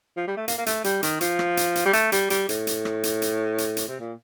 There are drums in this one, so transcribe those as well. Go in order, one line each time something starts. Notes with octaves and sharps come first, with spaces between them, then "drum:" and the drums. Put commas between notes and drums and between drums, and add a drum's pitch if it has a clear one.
F3
G3
A3
A#3, drum: hi-hat
A#3
A3, drum: hi-hat
G3, drum: hi-hat
D#3, drum: hi-hat
F3, drum: hi-hat
drum: rim click
drum: hi-hat
drum: hi-hat
G3
A3, drum: hi-hat
G3, drum: hi-hat
G3, drum: hi-hat
A2, drum: hi-hat
drum: hi-hat
drum: rim click
drum: hi-hat
drum: hi-hat
drum: hi-hat
drum: hi-hat
C3
A#2